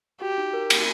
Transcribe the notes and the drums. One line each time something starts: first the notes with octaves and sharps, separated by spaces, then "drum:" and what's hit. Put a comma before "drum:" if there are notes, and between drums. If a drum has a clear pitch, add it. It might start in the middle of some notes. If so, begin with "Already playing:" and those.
F#4 G4
D#4
A#4
D#4, drum: cymbal